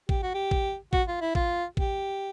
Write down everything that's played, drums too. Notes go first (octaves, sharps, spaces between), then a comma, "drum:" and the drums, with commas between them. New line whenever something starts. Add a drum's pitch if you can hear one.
G4, drum: kick A1
F#4
G4
drum: kick A1
F#4, drum: kick A1
F4
E4
F4, drum: kick A1
G4, drum: kick A1